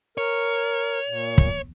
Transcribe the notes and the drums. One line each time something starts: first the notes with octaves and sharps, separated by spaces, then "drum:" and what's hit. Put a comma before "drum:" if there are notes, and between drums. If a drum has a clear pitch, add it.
A#4 C#5
A#2
drum: kick